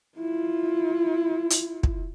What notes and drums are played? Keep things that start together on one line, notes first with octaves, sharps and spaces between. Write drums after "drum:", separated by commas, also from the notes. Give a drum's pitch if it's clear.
E4 F4
drum: hi-hat
drum: kick